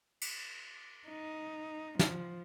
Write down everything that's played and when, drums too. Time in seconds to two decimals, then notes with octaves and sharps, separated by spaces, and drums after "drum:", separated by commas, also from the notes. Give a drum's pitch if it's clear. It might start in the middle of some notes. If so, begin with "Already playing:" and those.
0.21 drum: cymbal
1.07 D#4
1.99 F3, drum: snare